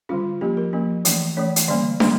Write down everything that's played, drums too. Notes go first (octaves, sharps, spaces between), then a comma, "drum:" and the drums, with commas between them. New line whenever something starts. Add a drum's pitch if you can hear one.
D3 G3 C#4 F4
F3 A#3 C#4 G4
A#4
F3 A#3 C#4
E3 A3 C#4, drum: hi-hat
E3 A3 C#4 C#5
drum: hi-hat
D3 G3 A#3 C#4 D5
D3 G3 A#3 C#4, drum: snare